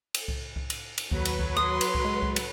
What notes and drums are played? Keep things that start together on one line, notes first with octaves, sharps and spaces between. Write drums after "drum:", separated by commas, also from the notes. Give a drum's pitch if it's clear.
drum: cymbal
drum: kick C2
drum: kick C2
drum: cymbal
drum: cymbal
D#2 F#3 B4, drum: kick C2
drum: cymbal
drum: kick C2
C6 D#6
drum: cymbal
drum: kick C2
G#3
drum: kick C2
drum: cymbal